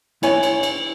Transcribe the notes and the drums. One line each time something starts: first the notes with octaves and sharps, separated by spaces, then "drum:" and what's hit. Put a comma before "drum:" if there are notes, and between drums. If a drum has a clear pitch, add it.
E4 C#5 G#5, drum: cymbal
drum: cymbal
drum: cymbal